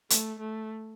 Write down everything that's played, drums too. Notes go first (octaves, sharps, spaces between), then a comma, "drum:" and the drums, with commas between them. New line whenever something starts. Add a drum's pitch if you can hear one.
A3, drum: hi-hat
A3